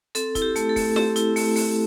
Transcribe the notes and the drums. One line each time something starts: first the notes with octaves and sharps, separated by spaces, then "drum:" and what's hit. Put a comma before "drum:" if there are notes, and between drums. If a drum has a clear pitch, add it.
C4 A4, drum: hi-hat
E4, drum: kick, hi-hat
G4
A3, drum: hi-hat
A4
A3, drum: kick, open hi-hat
C4 G4, drum: snare
E4, drum: hi-hat
A3, drum: open hi-hat
A3, drum: open hi-hat